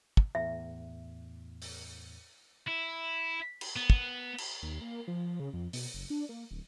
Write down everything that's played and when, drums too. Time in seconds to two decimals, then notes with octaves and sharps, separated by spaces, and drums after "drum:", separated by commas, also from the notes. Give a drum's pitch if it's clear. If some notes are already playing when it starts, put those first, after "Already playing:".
0.17 drum: kick
0.35 E2 A2 E5
1.62 drum: open hi-hat
2.68 E4
3.61 drum: cymbal
3.76 B3
3.90 drum: kick
4.38 drum: cymbal
4.62 D#2
4.81 A#3
5.08 F3
5.40 C#3
5.53 F2
5.73 B2, drum: open hi-hat
5.94 F#1
6.10 D4
6.29 A#3
6.51 D1